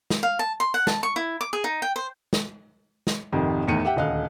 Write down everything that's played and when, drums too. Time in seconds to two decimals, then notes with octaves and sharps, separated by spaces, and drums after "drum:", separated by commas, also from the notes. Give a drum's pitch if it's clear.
0.10 drum: snare
0.23 F5
0.39 A5
0.60 C6
0.74 F#5
0.87 A5, drum: snare
1.03 C#6
1.16 E4
1.41 D6
1.53 G#4
1.64 D#4
1.82 G5
1.96 C5
2.33 drum: snare
3.07 drum: snare
3.32 G#1 F2 C3 D#3
3.68 E2 A2 D#3 C#7 D#7
3.85 G4 E5 F#5 G5
3.96 D#1 D2 D#5 F5 F#6